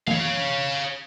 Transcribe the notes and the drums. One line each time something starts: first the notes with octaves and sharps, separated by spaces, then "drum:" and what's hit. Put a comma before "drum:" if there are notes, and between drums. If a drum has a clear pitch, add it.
C#5 F5, drum: tom E3